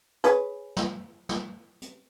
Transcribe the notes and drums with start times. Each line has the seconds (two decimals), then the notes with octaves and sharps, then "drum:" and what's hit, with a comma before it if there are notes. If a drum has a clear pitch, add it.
0.24 G#4 B4 C#5, drum: hi-hat
0.77 drum: snare
1.29 drum: snare
1.82 drum: hi-hat